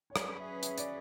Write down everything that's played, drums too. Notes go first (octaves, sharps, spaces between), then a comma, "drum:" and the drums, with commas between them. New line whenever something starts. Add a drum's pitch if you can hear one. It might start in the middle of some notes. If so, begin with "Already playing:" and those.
C#5
F#3 C#4 G#4 B4 D5, drum: rim click
E5
E5, drum: hi-hat
D5, drum: hi-hat